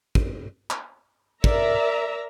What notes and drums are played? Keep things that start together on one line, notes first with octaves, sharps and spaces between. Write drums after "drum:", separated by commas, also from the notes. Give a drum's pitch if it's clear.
drum: kick
drum: clap
A#4 D5 E5 A#5, drum: kick